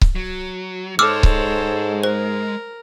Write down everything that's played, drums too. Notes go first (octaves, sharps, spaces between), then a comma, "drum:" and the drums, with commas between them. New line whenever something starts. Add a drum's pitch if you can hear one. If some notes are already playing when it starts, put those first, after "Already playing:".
drum: kick C#1
F#3
G#2 G#3 A4 C5 C#5 D6 E6 F6
drum: kick C#1
A#4 C5